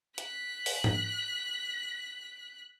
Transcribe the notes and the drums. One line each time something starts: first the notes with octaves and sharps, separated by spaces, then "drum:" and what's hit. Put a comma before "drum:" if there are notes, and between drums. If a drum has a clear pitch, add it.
F#6 B6, drum: hi-hat
drum: open hi-hat
drum: tom G#2